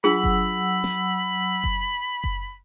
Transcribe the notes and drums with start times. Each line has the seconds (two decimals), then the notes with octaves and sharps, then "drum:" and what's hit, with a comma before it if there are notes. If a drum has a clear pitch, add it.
0.04 F#3 D4 F4 G#4 F#5 B5 E6
0.24 drum: kick F#1
0.84 drum: snare
1.64 drum: kick F#1
2.24 drum: kick F#1